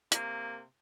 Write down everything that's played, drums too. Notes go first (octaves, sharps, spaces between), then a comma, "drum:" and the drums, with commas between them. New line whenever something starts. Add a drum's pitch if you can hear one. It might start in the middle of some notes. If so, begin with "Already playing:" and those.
C3 A#3, drum: hi-hat